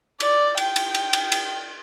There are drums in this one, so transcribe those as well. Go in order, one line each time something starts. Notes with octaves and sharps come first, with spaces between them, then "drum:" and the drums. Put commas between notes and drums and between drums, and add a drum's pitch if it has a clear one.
D5, drum: cymbal
G5, drum: cymbal
drum: cymbal
drum: cymbal
drum: cymbal
drum: cymbal